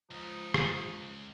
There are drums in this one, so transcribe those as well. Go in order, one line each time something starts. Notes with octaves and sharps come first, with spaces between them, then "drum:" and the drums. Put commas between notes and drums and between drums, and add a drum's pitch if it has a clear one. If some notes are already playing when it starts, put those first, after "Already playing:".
C#2 F3 D#4
drum: rim click